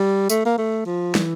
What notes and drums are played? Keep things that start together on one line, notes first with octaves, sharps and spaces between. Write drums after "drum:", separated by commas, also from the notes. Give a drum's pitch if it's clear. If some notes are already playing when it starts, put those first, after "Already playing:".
Already playing: G3
A3, drum: tambourine
A#3
A3
F3
E3, drum: snare